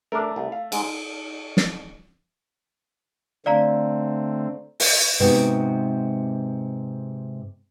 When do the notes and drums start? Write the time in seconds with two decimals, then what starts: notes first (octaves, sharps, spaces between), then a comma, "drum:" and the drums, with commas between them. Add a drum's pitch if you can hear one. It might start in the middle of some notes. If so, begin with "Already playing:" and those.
0.12 A3 D4 A#4
0.36 C2
0.52 F5
0.72 G#2 G#3, drum: cymbal
1.57 drum: snare
3.46 D3 A3 C4 D5 F5 A#5
4.80 drum: open hi-hat
5.20 G#2 C3 B3 F#4